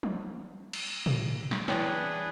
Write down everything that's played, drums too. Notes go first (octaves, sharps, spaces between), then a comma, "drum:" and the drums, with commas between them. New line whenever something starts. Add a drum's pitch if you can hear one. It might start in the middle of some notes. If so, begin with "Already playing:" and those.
drum: tom
drum: cymbal
drum: tom
drum: snare
E3 D4 G#4 B4 C#5 G5, drum: snare